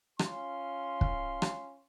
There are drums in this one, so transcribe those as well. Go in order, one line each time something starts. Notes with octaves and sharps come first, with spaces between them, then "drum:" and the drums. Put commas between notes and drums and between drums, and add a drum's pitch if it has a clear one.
C#4 F4 C6, drum: rim click
drum: kick
drum: rim click